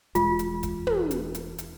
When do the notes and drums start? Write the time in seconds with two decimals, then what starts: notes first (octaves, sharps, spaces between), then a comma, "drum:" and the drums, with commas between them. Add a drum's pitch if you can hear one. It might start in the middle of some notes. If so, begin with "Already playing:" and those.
0.15 E1 G#3 F4, drum: hi-hat
0.39 drum: hi-hat
0.63 drum: kick, hi-hat
0.87 drum: tom
1.11 drum: hi-hat
1.35 drum: hi-hat
1.58 drum: hi-hat